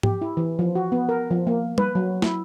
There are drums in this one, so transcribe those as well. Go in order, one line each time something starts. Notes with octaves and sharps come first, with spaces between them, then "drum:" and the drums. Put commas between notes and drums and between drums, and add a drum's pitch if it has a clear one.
G4, drum: tom G#2
E4
E3
F3
F#4
B3
A#4
F3
A#3
B4, drum: tom G3
F#3
E4, drum: snare